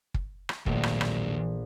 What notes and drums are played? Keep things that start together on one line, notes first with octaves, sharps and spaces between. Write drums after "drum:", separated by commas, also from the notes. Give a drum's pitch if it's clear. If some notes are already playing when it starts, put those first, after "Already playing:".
drum: kick
drum: rim click
A#1 D#2 F#3 A3, drum: kick
drum: rim click
drum: rim click